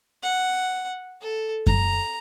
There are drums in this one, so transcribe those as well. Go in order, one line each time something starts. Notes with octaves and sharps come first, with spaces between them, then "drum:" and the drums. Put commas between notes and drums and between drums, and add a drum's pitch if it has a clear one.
F#5
A4
A#5, drum: kick F#2